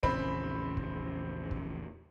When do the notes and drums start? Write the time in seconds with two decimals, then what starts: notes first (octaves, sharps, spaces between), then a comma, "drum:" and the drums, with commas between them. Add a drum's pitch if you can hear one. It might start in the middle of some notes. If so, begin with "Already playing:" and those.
0.03 A#1 E2 C#3 C4 B5, drum: kick
0.77 drum: kick
1.51 drum: kick